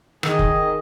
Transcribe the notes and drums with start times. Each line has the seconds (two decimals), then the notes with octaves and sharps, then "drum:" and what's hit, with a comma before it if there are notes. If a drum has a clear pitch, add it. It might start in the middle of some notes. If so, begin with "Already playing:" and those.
0.23 D#3 G#4 D#5, drum: rim click
0.39 drum: kick F1